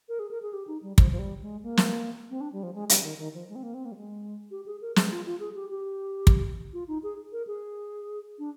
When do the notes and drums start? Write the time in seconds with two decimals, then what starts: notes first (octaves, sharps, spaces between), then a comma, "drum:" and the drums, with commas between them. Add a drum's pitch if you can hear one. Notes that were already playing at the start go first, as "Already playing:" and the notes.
0.09 A#4
0.19 G#4
0.31 A#4
0.42 G#4
0.53 G4
0.67 D#4
0.83 G3
0.98 F3, drum: kick
1.12 F3
1.19 G3
1.42 G#3
1.63 A#3
1.77 drum: snare
2.30 C4
2.41 D4
2.53 G3
2.63 F3
2.74 G#3
2.89 G3, drum: hi-hat
3.03 D#3
3.18 D#3
3.34 F3
3.49 G#3
3.55 C4
3.63 A#3
3.74 C4
3.85 A#3
3.92 G3
3.96 G#3
4.51 G4
4.66 G#4
4.82 A#4
4.96 G#4, drum: snare
5.11 F4
5.26 F4
5.40 G#4
5.55 G4
5.70 G4
6.27 drum: kick
6.73 F4
6.88 D#4
7.03 G#4
7.32 A#4
7.47 G#4
8.39 D4